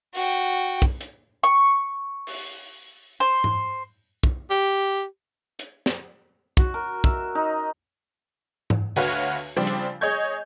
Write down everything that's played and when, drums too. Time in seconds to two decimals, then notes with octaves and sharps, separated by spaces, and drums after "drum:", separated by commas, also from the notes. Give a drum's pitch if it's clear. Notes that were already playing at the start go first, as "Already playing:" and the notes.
0.15 F#4 G5, drum: open hi-hat
0.82 drum: kick
1.01 drum: hi-hat
1.44 C#6
2.27 drum: open hi-hat
3.20 C5
3.44 drum: tom G#2
4.23 drum: kick
4.50 G4
5.59 drum: hi-hat
5.86 drum: snare
6.57 F#4, drum: kick
6.74 A#4
7.04 E5, drum: kick
7.35 D#4
8.70 drum: tom G#2
8.96 D2 F#4 B4 C#5 F5, drum: open hi-hat
9.56 C#3 F3 G3 C4 D4
9.67 drum: hi-hat
10.01 G#4 C#5 D#5 C#6 G6 G#6